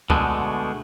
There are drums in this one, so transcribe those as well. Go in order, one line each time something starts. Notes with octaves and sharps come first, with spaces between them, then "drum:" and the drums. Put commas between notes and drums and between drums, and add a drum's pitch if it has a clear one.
B2 D3 G#3 A3, drum: kick C#2